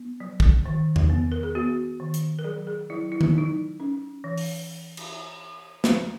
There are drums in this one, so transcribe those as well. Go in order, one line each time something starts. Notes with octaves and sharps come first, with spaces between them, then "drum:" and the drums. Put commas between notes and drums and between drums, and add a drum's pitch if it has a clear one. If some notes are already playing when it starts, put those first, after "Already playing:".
Already playing: B3
F#3
drum: kick
D#3
drum: tom E2
B3
A#4
G#4
B3 F#4
D#3
drum: hi-hat
A#4
F#3 G#4
G#4
F#3 E4
E4
D#4, drum: tom D#3
F#3 D#4
C#4
E3
drum: open hi-hat
drum: cymbal
drum: snare